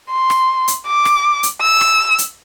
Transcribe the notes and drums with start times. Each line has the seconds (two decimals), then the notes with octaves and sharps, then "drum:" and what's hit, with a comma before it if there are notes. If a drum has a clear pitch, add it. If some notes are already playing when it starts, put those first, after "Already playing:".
0.12 C6
0.30 drum: rim click
0.68 drum: hi-hat
0.87 D6
1.05 drum: rim click
1.43 drum: hi-hat
1.61 E6
1.81 drum: rim click
2.18 drum: hi-hat